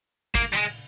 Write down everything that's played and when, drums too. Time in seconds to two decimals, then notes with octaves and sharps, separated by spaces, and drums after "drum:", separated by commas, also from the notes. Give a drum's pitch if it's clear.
0.35 A#3, drum: kick, cymbal
0.53 G3
0.57 G#3, drum: cymbal